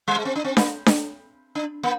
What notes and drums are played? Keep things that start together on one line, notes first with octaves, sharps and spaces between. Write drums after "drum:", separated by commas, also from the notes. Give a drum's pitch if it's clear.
G3
G#3
C4
D4
C4
A#3, drum: snare D4
drum: snare D4
D4
A#3